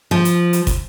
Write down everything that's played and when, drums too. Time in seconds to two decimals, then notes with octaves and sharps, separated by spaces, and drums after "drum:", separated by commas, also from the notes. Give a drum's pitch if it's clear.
0.11 F3
0.25 drum: hi-hat
0.53 drum: hi-hat
0.67 drum: kick, hi-hat